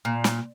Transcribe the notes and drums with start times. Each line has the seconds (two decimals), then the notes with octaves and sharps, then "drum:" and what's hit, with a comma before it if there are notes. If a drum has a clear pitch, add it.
0.05 A#2
0.24 drum: snare